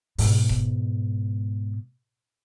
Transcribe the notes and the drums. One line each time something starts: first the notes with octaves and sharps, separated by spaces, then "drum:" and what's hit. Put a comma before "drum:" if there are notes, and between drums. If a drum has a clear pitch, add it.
G#2 B2, drum: open hi-hat
drum: kick E1